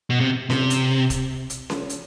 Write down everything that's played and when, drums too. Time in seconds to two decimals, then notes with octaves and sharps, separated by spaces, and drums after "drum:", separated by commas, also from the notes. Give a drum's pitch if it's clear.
0.10 B2
0.20 C3
0.50 C3, drum: snare C#4
0.70 drum: hi-hat
1.10 drum: kick, hi-hat
1.50 drum: hi-hat
1.70 drum: snare C#4
1.90 drum: hi-hat